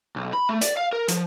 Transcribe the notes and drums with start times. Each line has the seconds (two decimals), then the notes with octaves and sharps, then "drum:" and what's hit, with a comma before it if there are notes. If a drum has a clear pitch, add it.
0.16 B1
0.33 B5
0.49 A3
0.61 D5, drum: hi-hat
0.77 F5
0.93 A#4
1.08 F3, drum: hi-hat